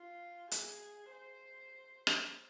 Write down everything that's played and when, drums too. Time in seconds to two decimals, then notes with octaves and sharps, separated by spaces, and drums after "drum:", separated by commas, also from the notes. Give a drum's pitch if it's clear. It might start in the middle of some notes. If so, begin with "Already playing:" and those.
Already playing: F4
0.51 G#4, drum: hi-hat
1.11 C5
2.07 drum: rim click